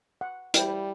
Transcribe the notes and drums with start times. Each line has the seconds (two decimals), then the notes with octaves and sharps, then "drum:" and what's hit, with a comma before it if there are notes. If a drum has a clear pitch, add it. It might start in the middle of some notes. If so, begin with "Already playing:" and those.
0.21 F#5
0.54 G3 E4 G5, drum: hi-hat